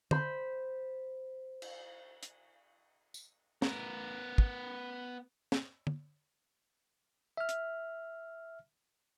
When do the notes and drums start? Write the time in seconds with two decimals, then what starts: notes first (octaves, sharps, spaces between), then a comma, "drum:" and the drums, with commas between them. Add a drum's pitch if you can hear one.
0.11 C5 B5, drum: tom
1.62 drum: cymbal
2.23 drum: hi-hat
3.14 drum: tambourine
3.62 B3 A#4, drum: snare
4.38 drum: kick
5.52 drum: snare
5.87 drum: tom
7.37 E5 F6
7.49 drum: hi-hat